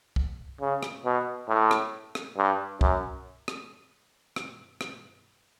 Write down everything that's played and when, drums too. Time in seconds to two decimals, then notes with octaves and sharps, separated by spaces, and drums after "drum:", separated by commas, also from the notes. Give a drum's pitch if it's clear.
0.16 drum: kick C2
0.61 C#3
0.83 drum: rim click
1.05 B2
1.48 A2
1.71 drum: rim click
2.15 drum: rim click
2.37 G2
2.81 F#2, drum: kick C2
3.48 drum: rim click
4.36 drum: rim click
4.81 drum: rim click